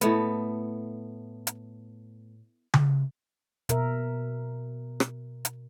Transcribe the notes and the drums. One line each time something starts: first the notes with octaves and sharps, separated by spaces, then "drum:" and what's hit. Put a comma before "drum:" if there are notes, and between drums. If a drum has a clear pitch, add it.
A2 A3 B3, drum: hi-hat
drum: hi-hat
drum: tom C#3
B2 A#4 E5, drum: hi-hat
drum: rim click
drum: hi-hat